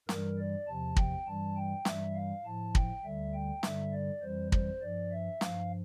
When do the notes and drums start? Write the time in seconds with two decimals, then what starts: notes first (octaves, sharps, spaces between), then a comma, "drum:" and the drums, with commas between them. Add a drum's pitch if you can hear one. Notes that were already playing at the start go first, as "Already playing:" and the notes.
0.09 G2 E3 G3 A#4, drum: snare
0.38 D5
0.67 E2 C3 F3 A5
0.96 G5, drum: kick
1.27 G2 E3 G3 A5
1.56 G5
1.85 G2 E3 G3 E5, drum: snare
2.15 F5
2.44 A2 F3 A5
2.75 G5, drum: kick
3.04 D2 D3 G3 E5
3.34 G5
3.63 G2 D3 G3 E5, drum: snare
3.93 D5
4.22 F2 E3 G3 C5
4.52 C5, drum: kick
4.81 G2 F3 D5
5.11 E5
5.41 G2 F3 F5, drum: snare